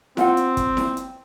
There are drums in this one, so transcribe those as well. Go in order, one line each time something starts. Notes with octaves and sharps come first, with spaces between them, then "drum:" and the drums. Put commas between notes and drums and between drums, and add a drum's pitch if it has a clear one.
C4 F4 F5 F#5, drum: snare E4
drum: hi-hat
drum: kick, hi-hat
drum: snare E4
drum: hi-hat